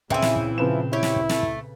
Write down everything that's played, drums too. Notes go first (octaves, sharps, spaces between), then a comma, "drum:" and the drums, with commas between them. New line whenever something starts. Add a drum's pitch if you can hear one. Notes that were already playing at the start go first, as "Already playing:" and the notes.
A#2 C#3 E3 C4 E4 E5 G5 C6, drum: kick
drum: snare
drum: kick
C#3 F3 B4 E7
E4 G4 C#5
drum: snare
drum: kick
A3, drum: snare
drum: kick